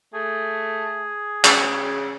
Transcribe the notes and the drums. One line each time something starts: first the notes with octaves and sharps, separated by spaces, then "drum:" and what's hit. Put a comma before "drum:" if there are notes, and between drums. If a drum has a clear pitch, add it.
A3 G#4
C#3, drum: clap